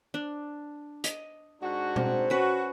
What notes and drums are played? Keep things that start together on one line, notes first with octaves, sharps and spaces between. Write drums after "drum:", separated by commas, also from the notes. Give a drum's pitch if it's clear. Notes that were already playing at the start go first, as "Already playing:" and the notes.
D4
D#5, drum: hi-hat
G#2 D4 F#4
C4, drum: tom B2
C#4 F#4 B4